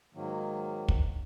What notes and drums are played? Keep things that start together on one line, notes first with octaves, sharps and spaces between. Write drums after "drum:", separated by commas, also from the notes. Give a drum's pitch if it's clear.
G#2 D#3 F#3 A#3
drum: kick